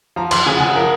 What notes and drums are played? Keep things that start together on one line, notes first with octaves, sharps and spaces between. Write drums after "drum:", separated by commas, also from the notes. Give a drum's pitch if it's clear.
F3 A#5
F3 C6, drum: cymbal
C#3 G#5
F#5
C#3 G#5
F3 A#4